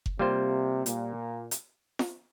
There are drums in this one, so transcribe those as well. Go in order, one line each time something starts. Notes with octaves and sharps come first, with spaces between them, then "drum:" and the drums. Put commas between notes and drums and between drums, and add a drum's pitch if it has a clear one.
drum: kick F#1
C3 G3 A#3 F4 C5
A#2, drum: hi-hat
drum: hi-hat
drum: snare